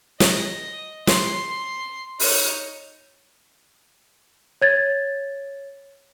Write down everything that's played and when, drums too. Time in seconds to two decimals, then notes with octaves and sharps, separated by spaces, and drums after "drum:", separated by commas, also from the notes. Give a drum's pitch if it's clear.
0.20 D#5, drum: snare
1.07 C6, drum: snare
2.20 D#4 C#5, drum: open hi-hat
4.62 C#5 G#6 A6